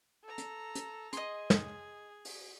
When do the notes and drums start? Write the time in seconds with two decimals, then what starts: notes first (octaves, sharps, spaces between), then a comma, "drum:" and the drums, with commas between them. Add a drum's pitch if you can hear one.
0.24 A4 A#5
0.38 drum: hi-hat
0.75 drum: hi-hat
1.13 G#4 D#5 C6, drum: hi-hat
1.50 drum: snare
2.25 drum: open hi-hat